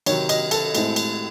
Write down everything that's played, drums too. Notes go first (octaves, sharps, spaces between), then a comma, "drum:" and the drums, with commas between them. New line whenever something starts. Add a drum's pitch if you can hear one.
C3 D#3 F#3 C#5, drum: cymbal
D#5, drum: cymbal
A4, drum: cymbal
A2 G#3 C4 E4, drum: cymbal
drum: cymbal